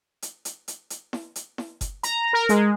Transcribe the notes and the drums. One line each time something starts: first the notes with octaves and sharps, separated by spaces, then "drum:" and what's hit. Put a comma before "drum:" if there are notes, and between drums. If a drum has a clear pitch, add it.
drum: hi-hat
drum: hi-hat
drum: hi-hat
drum: hi-hat
drum: snare E4
drum: hi-hat
drum: snare E4
drum: kick F#1, hi-hat
A#5, drum: hi-hat
A#4
G#3, drum: hi-hat